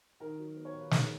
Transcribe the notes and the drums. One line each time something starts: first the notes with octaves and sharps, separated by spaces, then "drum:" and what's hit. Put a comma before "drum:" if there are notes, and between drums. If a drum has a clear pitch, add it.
D#3 A#4
F#3
B3
C#5
D#2 B4
D#3 A#4, drum: snare